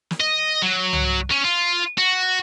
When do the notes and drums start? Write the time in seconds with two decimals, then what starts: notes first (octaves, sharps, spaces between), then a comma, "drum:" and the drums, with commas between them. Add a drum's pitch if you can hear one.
0.11 drum: snare
0.20 D#5
0.62 F#3
0.93 drum: tom C2
1.31 C#4
1.44 F4
1.98 F#4